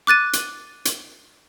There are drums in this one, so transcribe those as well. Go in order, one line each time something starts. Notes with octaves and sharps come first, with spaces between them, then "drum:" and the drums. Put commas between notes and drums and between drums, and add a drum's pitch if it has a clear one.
D6 F#6 A6 D#7
drum: hi-hat
drum: hi-hat